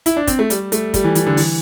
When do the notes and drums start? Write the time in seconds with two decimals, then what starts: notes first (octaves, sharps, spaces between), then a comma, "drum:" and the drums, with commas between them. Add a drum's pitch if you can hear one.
0.06 E4, drum: hi-hat
0.17 D4
0.27 C4, drum: kick, hi-hat
0.39 A3
0.50 G3, drum: hi-hat
0.72 A3, drum: hi-hat
0.94 G3, drum: kick, hi-hat
1.04 E3
1.15 E3, drum: hi-hat
1.26 D3
1.37 E3, drum: open hi-hat